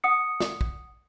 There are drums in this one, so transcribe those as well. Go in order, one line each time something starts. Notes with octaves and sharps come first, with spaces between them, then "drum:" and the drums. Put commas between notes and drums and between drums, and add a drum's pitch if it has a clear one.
F#5 D#6 C#7
drum: snare
drum: kick